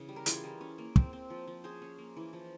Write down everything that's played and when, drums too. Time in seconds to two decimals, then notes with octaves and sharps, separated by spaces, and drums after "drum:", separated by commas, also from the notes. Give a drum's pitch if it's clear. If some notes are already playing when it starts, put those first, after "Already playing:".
Already playing: C#3 E3
0.09 G3
0.16 A#4
0.26 E3 F4 G#4, drum: hi-hat
0.44 G3
0.61 C#4
0.78 A#3
0.96 C4, drum: kick
1.13 C4
1.30 F3
1.47 F3
1.64 C#4 G#4 C5
1.82 C#4
1.98 A#3
2.17 E3
2.33 F3